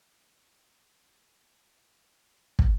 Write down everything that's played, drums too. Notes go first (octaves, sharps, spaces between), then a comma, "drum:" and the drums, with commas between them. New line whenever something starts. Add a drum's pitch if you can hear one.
B4 C#5 E5 D6 F#6
drum: kick